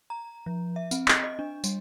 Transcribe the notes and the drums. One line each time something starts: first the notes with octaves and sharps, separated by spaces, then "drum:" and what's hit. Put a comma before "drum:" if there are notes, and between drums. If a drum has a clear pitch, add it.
A#5
F3
E5
C4, drum: tambourine
D#5, drum: clap
D#5
D4
G3, drum: tambourine